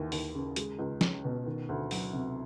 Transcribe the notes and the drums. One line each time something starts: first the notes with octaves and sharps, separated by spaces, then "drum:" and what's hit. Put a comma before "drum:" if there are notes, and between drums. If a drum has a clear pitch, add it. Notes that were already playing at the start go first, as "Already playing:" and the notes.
Already playing: D#2 E3
D#2, drum: open hi-hat
C#3
G#3, drum: hi-hat
C#2
C#4, drum: snare
B2
D#3
D2
F#3, drum: open hi-hat
C3